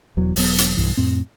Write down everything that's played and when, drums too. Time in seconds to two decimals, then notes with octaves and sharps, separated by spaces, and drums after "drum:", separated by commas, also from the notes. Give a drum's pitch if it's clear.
0.17 E1 E2 E3 F#3
0.36 E1 F#3 B3, drum: open hi-hat
0.58 drum: hi-hat
0.77 B1 G2 E3
0.97 F2 A2 C4